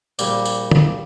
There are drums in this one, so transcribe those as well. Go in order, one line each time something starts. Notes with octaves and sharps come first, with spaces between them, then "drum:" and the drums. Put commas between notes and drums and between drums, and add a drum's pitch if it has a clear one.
A#1 A#2 G3 D5, drum: tambourine
drum: tambourine
drum: tom